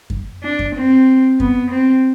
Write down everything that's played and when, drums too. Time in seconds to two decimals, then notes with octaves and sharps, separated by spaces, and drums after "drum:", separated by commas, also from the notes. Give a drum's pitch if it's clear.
0.10 drum: kick F#2
0.44 D4
0.59 drum: kick F#2
0.75 C4
1.40 B3, drum: kick F#2
1.71 C4